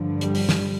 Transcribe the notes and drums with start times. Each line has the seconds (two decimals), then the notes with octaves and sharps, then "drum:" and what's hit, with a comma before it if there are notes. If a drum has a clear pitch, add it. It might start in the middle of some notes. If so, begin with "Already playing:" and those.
Already playing: G2 D3 F3
0.21 G3, drum: hi-hat
0.35 drum: open hi-hat
0.49 drum: snare